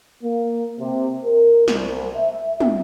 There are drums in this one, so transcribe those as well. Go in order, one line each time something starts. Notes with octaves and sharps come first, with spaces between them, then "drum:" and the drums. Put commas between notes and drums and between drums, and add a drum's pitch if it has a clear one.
A#3
C3
A#4
C2, drum: snare
E5
drum: tom